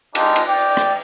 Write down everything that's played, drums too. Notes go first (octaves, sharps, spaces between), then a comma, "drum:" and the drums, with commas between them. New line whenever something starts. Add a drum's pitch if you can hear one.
G#3 D4 D#4 F4 G4, drum: cymbal
drum: cymbal
D5 G5
drum: rim click